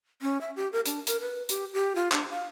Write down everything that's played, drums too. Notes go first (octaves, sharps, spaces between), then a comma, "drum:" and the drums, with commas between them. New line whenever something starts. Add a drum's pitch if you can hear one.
C#4
E5
G4
A#4
D4, drum: hi-hat
A#4, drum: hi-hat
B4
G4, drum: hi-hat
G4
F4
D4, drum: clap
F5